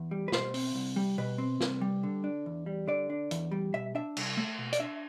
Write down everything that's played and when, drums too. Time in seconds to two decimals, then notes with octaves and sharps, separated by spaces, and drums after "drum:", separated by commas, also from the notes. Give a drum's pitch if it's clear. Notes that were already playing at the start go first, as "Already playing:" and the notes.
Already playing: E2
0.11 G3
0.28 B4
0.32 B2 C5, drum: snare
0.54 C4, drum: open hi-hat
0.74 C2
0.96 G3
1.18 B2 B4
1.38 C4
1.60 C2, drum: snare
1.81 G3
2.03 D3
2.24 D4
2.46 E2
2.66 G3
2.88 D3 D5
3.10 D4
3.31 E2, drum: hi-hat
3.52 G3
3.74 B2 E5
3.95 D4 E5
4.17 C2, drum: cymbal
4.37 A3
4.59 B2
4.73 D5, drum: hi-hat
4.80 D4 E5